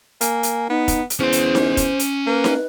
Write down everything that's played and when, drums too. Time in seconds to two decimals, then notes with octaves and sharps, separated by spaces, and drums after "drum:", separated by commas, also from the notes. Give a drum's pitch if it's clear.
0.21 A#3 G#5, drum: hi-hat
0.43 drum: hi-hat
0.70 B3 D#4
0.88 drum: kick, hi-hat
1.10 drum: hi-hat
1.20 E2 C#4 C5 C6
1.32 drum: hi-hat
1.55 drum: snare D#4
1.77 drum: kick, hi-hat
1.99 drum: hi-hat
2.26 A#3 B4
2.44 drum: snare D#4